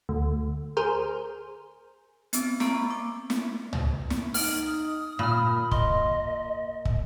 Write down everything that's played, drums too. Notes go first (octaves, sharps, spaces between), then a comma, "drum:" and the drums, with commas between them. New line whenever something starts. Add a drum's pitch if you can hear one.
D2
G#4 A#4 C5
B3 C4, drum: hi-hat
A#3 C4 A#5 C#6, drum: snare
D6
drum: snare
drum: tom
drum: snare
D#4 F6 D7, drum: open hi-hat
D#6
A#2 A#3 B5 F6
D#5 C6, drum: kick
drum: kick